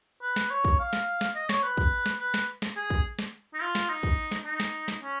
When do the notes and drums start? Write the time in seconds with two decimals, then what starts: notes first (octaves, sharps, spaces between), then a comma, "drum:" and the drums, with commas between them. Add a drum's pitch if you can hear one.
0.22 B4
0.36 drum: snare
0.50 C#5
0.65 drum: kick
0.79 F5
0.93 drum: snare
1.21 drum: snare
1.35 D#5
1.49 C#5, drum: snare
1.63 B4
1.77 drum: kick
2.06 drum: snare
2.20 B4
2.34 drum: snare
2.62 drum: snare
2.77 G#4
2.90 drum: kick
3.19 drum: snare
3.54 D#4
3.61 F4
3.75 drum: snare
3.89 D#4
4.03 drum: kick
4.31 drum: snare
4.45 D#4
4.60 drum: snare
4.88 drum: snare
5.02 C#4